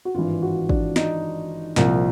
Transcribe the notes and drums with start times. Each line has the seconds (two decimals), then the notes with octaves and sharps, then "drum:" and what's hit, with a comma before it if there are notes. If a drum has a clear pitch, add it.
0.05 F#4
0.15 G#1 G2 E3 F4
0.42 F#4
0.69 D4, drum: kick
0.96 D#4, drum: snare
1.76 C2 A#2 F3, drum: snare